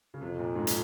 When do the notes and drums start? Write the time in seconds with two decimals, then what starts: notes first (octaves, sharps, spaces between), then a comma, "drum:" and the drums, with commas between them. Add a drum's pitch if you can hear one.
0.14 C#3
0.21 F2 C3
0.39 A#2
0.55 G#2
0.67 drum: hi-hat